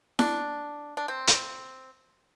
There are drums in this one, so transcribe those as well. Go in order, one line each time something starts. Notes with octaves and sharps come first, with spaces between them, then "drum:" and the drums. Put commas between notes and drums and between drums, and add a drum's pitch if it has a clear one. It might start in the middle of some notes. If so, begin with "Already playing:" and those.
D4, drum: snare E4
D4
C4
drum: hi-hat